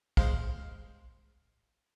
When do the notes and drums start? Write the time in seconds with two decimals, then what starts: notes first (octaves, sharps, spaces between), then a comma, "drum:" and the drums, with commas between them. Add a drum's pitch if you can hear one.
0.17 G#3 C5 F5, drum: kick